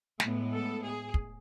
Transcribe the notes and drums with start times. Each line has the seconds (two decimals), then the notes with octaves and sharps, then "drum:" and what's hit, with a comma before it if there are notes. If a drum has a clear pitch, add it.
0.20 A2 G#3 B3, drum: snare
0.52 A4
0.81 G#4
1.14 drum: kick